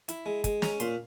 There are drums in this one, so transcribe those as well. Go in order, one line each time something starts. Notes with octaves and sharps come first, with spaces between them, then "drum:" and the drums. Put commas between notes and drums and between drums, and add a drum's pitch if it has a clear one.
E4, drum: hi-hat
G#3
G#3, drum: kick, hi-hat
C#4 A#5, drum: snare
A#2 C6, drum: hi-hat